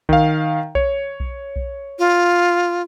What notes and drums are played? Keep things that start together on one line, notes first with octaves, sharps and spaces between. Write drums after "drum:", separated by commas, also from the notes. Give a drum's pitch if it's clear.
D#3 F5, drum: kick B1
C#5, drum: kick B1
drum: kick B1
drum: kick B1
F4